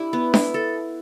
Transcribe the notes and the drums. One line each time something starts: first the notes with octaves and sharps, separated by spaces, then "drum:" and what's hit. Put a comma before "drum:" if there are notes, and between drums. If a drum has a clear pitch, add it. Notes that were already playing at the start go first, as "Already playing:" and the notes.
Already playing: D4 E4 G4
B3
E4, drum: snare D4
A4